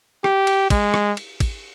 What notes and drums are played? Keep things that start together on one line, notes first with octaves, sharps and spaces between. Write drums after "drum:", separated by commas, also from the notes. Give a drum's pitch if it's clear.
G4, drum: rim click
drum: cymbal
G#3, drum: kick, cymbal
drum: rim click
drum: cymbal
drum: kick, cymbal